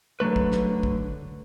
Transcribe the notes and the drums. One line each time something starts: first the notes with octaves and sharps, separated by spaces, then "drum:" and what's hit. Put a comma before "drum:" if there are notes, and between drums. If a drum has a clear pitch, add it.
D3 F#3 A3 B4
drum: kick
drum: snare
drum: kick